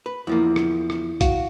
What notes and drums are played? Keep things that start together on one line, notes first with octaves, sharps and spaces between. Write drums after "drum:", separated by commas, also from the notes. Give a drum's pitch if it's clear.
B4
E2 F3 A#3 E4
drum: rim click
drum: rim click
F#4 F5, drum: kick A#1, hi-hat